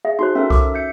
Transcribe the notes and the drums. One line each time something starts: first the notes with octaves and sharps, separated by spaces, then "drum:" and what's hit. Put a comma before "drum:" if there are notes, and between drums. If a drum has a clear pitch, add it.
G#4 E5
D#4 F#4 C5 C6
C#4 A4 A#4 E5
D6, drum: kick C2
E5 G6 C#7